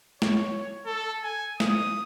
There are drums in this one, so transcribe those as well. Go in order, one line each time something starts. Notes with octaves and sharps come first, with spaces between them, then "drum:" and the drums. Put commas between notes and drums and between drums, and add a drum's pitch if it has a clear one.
C#5, drum: snare
A4
G#5
D#6, drum: snare